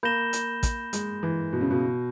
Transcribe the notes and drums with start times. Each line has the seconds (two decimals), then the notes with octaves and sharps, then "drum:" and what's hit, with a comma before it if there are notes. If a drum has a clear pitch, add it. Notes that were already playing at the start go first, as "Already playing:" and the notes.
0.03 A#3 B5 G6 A#6 E7 G7
0.33 drum: hi-hat
0.63 drum: kick, hi-hat
0.93 G#3, drum: hi-hat
1.23 E3
1.53 B2
1.61 C#3
1.70 B2